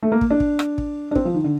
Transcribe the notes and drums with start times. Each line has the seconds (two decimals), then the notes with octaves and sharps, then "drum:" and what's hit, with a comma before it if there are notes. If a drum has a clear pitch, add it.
0.03 A3
0.12 A#3
0.21 drum: kick
0.31 D4
0.40 drum: kick
0.59 drum: rim click
0.78 drum: kick
1.11 D4
1.15 C4, drum: kick
1.25 F3
1.34 D#3
1.44 D3